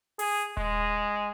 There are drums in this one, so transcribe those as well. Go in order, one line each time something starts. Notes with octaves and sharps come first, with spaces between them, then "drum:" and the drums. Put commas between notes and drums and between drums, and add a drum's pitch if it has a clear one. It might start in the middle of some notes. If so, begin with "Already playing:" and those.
G#4, drum: open hi-hat
G#3, drum: kick D#1